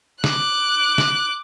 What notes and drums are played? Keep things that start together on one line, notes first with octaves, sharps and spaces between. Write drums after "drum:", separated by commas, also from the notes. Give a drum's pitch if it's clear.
D6 F#6, drum: snare
drum: snare